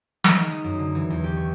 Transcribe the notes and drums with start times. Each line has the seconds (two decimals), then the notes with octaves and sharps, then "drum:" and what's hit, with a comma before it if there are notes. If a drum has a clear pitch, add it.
0.24 D#3, drum: snare
0.39 G#3
0.51 D#6
0.64 F#2
0.79 D3
0.95 E3
1.10 E2
1.24 G4
1.37 C#6